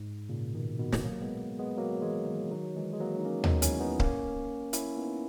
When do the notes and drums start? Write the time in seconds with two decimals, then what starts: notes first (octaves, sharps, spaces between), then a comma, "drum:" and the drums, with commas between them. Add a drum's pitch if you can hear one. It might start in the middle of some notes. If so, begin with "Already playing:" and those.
Already playing: G#2
0.29 A#2 C#3
0.54 B2 D#3
0.79 B2 D#3
0.92 drum: snare
1.04 F#3 A#3
1.22 G#3 B3
1.59 G#3 B3
1.77 F#3 A#3
2.02 E3 G#3
2.26 D#3 F#3
2.51 D#3 F#3
2.76 E3 G#3
2.93 G#3
3.00 F#3 A#3
3.17 D#4
3.25 A#3 C#4
3.44 B3 D#4, drum: tom D#2
3.62 C#4 E4, drum: hi-hat
3.80 B3 D#4
4.00 A#3 C#4, drum: kick C#1
4.73 C#4 E4, drum: hi-hat
4.97 B3 D#4